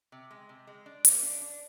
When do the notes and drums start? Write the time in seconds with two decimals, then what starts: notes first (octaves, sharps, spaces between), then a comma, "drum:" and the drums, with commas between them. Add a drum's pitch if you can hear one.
0.12 C3
0.31 G#3
0.49 C3
0.67 G#3
0.86 D4
1.05 A#3, drum: hi-hat
1.22 D4
1.41 D4